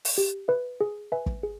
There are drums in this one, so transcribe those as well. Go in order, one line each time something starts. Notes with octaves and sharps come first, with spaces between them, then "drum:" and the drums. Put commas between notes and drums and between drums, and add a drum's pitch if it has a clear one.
drum: open hi-hat
G4
B4 E5
G#4
B4 E5 G#5
drum: kick
G#4